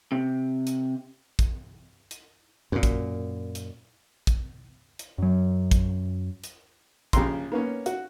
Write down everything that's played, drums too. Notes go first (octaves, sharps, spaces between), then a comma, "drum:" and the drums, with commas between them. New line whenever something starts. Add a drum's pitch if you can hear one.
C3
drum: hi-hat
drum: kick, hi-hat
drum: hi-hat
F#2 A#2
drum: kick, hi-hat
drum: hi-hat
drum: kick, hi-hat
drum: hi-hat
F#2 F#3
drum: kick, hi-hat
drum: hi-hat
A#1 C#3 G4 G5 A#5 C6, drum: kick, hi-hat
A#3 B3 C#4
F#4, drum: hi-hat